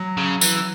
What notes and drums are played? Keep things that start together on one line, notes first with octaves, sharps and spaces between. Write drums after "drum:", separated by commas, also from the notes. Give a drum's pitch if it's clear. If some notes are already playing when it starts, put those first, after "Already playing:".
Already playing: F#3
C#3
E3, drum: tambourine